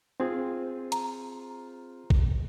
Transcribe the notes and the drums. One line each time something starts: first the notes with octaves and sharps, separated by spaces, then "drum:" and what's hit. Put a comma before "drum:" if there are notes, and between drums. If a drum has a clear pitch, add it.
C4 F4 G#4 C5
A#5, drum: hi-hat
drum: kick